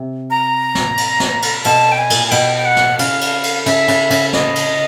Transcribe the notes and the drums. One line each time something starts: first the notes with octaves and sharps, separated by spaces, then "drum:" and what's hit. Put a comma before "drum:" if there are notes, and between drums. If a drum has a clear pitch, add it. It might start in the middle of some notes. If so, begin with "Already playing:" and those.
Already playing: C3
A#5
drum: snare
drum: cymbal
drum: snare
drum: cymbal
B2 A5, drum: cymbal
G5
G#5
A#2, drum: cymbal
G#5
B2 G5, drum: cymbal
G5
F#5
drum: snare
C#3 F5, drum: cymbal
drum: cymbal
drum: cymbal
C#3 E5, drum: cymbal
C#3, drum: cymbal
C#3, drum: cymbal
D#5, drum: snare
drum: cymbal